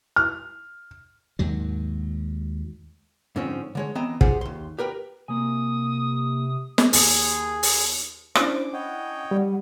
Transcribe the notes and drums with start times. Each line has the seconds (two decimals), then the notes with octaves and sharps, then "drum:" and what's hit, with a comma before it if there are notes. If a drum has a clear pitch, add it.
0.16 F6
1.39 D#2 G#2 F#3
3.36 G#2 D3 F3 C4 C#4
3.75 D3 G#3 C#5
3.95 E3 B3 C4 D#5 G5 A#5
4.21 F4 G4 G#4 C5 F#5, drum: kick
4.41 D#2 C6
4.79 G4 A#4 B4 G5
5.28 C3 A#3 G#5 D#6
6.78 drum: snare
6.93 D#2 G#4, drum: open hi-hat
7.63 drum: open hi-hat
8.35 C#4 D4 E4 C5 D6, drum: rim click
8.73 C#5 D#5 F#5 G5
9.31 G3